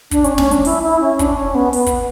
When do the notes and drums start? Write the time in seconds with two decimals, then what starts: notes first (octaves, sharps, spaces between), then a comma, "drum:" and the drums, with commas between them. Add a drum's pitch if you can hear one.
0.11 D4, drum: kick, hi-hat
0.24 C#4, drum: hi-hat
0.38 C#4, drum: snare
0.51 D4, drum: hi-hat
0.65 E4, drum: open hi-hat
0.83 E4
1.01 C#4
1.19 D4, drum: kick, hi-hat
1.37 C#4
1.55 B3
1.73 B3, drum: open hi-hat
1.86 drum: kick, hi-hat